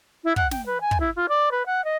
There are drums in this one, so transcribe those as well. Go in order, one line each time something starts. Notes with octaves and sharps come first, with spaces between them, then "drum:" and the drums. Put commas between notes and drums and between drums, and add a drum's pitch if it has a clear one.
E4
F#5, drum: kick
G5, drum: snare
B4
G#5
drum: kick
E4
F4
D5
B4
F#5
D#5